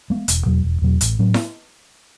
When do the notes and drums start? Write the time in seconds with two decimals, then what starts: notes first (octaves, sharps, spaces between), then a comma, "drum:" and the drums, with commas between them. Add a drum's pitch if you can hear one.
0.10 G#3 B3
0.28 E1, drum: hi-hat
0.46 E2 B2 F#3
0.65 E1
0.82 E2 B2 F#3
1.01 A1, drum: hi-hat
1.19 A2 F#3 C#4
1.34 drum: snare E4